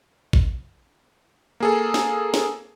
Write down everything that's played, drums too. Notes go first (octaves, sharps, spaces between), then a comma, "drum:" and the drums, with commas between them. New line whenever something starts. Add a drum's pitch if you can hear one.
drum: kick
A#3 G#4 A4
drum: snare
drum: snare